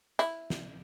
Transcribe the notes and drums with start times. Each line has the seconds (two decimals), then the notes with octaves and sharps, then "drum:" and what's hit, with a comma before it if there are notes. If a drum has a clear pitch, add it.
0.19 E4, drum: hi-hat
0.50 drum: snare